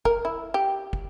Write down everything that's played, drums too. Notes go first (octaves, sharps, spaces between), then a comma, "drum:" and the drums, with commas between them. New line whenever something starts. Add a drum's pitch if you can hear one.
A#4, drum: kick
E4
G4
drum: kick